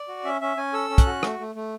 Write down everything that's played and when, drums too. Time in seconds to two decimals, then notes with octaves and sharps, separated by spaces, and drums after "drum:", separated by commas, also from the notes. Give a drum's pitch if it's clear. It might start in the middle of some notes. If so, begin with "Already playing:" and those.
Already playing: D5
0.08 F#4
0.24 C#4 E5
0.41 C#4 E5
0.57 C#4 G#5
0.73 A4 E6
0.90 C#4
0.98 F#6, drum: kick, hi-hat
1.06 F#4
1.23 A3, drum: rim click
1.39 A3
1.55 A3